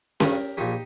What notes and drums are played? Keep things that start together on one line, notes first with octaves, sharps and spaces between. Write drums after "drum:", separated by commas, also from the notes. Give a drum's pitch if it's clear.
G2 D#3 G4 A#4, drum: snare C#4
A#1 A#2 D#4 G4